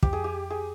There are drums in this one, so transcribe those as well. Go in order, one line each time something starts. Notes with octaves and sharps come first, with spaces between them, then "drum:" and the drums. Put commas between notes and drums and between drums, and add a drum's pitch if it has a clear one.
F2 G4, drum: kick
G#4
G4
G#4